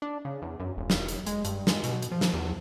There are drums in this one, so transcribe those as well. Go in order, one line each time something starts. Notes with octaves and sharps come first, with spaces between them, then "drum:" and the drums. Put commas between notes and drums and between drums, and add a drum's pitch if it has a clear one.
D4
C#3
E2
F#2
E1
drum: snare
drum: hi-hat
G#3, drum: hi-hat
G2, drum: hi-hat
G#3, drum: snare
B2, drum: hi-hat
drum: hi-hat
F3
drum: snare
E2